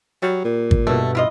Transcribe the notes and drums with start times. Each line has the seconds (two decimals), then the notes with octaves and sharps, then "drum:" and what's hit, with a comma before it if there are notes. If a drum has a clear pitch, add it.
0.22 F#3 G3
0.44 A#2
0.71 drum: kick
0.87 G2 B2 A3
1.15 E4 F4 D#5